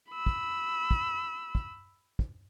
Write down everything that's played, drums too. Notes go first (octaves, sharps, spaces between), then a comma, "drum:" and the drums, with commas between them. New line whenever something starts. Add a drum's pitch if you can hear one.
B5 E6
drum: kick
drum: kick
drum: kick
drum: kick